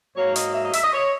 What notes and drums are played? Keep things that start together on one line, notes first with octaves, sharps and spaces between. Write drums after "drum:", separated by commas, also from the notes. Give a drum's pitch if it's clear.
G#2 F#3 A#3 C#5
D#5, drum: hi-hat
E5
D#5
E5, drum: hi-hat
D#5
C#5